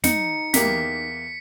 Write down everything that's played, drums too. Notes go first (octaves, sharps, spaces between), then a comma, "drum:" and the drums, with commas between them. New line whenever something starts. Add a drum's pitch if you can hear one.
D#4 C#7, drum: snare
E2 A#3 G4 B6, drum: snare